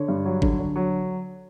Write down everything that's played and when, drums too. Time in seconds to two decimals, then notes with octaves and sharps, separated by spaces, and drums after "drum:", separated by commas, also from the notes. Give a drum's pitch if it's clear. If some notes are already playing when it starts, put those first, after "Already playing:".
Already playing: D3 C#5
0.08 G2
0.25 F#3
0.42 D3, drum: kick G1
0.59 D3
0.76 F#3